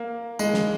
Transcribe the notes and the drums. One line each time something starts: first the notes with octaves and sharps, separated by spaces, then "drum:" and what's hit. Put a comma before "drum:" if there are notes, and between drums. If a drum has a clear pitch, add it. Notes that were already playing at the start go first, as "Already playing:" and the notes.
Already playing: A#3
G#3, drum: tambourine
drum: snare